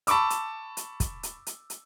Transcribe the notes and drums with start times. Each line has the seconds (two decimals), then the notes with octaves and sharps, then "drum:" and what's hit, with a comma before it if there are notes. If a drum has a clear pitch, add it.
0.07 A5 B5 C#6 D6 E6, drum: hi-hat
0.30 drum: hi-hat
0.77 drum: hi-hat
1.00 drum: kick, hi-hat
1.23 drum: hi-hat
1.47 drum: hi-hat
1.70 drum: hi-hat